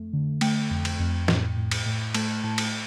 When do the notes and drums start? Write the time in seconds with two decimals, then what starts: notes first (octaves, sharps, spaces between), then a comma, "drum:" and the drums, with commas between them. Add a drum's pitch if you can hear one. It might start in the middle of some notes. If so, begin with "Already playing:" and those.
Already playing: F2 A3
0.13 D3
0.41 A3 G5, drum: cymbal
0.71 F2
0.85 drum: cymbal
1.00 F2
1.28 A2, drum: snare
1.56 A2
1.71 drum: cymbal
1.86 A2
2.14 A3 A5, drum: cymbal
2.44 A2 A5
2.58 drum: cymbal